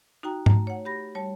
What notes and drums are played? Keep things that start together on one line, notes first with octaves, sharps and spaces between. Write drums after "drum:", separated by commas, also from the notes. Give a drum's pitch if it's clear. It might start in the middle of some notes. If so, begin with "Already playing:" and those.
D#4 F#4 G5 A#5
A3 A#5, drum: tom G#2
C#5 F#5
G4 B5 A#6
G3 C#5 A5